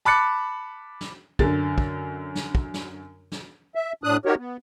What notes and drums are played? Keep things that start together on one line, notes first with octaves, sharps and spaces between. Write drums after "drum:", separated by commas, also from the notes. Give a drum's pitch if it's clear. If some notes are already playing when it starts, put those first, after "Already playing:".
A5 B5 D6 F#6 A6 C#7
drum: snare
F#2 D3 A6, drum: kick
drum: kick
drum: snare
drum: kick
drum: snare
drum: snare
E5
A2 D4 D#6 F#6
D#4 F#4 G4 A#4 C#5
B3